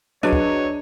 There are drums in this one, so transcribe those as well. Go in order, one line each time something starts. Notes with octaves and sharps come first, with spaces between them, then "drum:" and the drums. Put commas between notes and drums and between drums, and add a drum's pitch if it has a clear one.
F#3 D4 G#4 B4 C#5 D#5 D#7
drum: kick